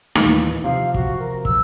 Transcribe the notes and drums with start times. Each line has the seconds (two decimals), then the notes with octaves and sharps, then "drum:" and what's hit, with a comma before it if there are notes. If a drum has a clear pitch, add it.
0.15 D#2 A#2 E3, drum: snare D#4
0.64 C3 F3 F5
0.94 F#4, drum: kick
1.19 A#4
1.45 E6, drum: kick